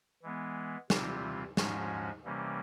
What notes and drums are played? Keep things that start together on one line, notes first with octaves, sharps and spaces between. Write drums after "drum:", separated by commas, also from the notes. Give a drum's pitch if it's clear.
E3 G#3 B3
C3 E3 G3 C4 F4, drum: snare
G#2 F3 G#3 C#4 F#4, drum: snare
C3 E3 G3 A#3 C#4